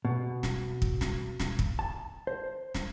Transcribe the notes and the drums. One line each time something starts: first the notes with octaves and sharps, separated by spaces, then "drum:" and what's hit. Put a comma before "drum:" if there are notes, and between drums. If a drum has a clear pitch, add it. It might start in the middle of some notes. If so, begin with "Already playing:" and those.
B2
drum: snare
drum: kick
drum: snare
drum: snare
drum: kick
A5
C5
drum: snare